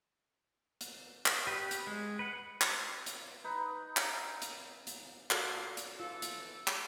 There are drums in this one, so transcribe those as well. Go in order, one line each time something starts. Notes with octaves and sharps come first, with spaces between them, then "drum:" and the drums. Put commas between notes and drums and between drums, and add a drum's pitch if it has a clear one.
drum: hi-hat
drum: clap
G4 B4
drum: hi-hat
G#3
B4 F#5
drum: clap
drum: hi-hat
D#4 B4
drum: clap
drum: hi-hat
drum: hi-hat
A#2 F#4 A4, drum: clap
drum: hi-hat
E3 F4 A4
drum: hi-hat
drum: clap